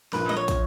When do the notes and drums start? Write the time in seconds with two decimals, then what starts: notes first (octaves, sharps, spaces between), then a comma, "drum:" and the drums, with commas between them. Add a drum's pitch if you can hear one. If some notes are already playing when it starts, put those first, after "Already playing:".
0.13 A#1 A#2 A#3 B4, drum: snare
0.29 D#5, drum: tom
0.36 C#5
0.48 drum: kick, hi-hat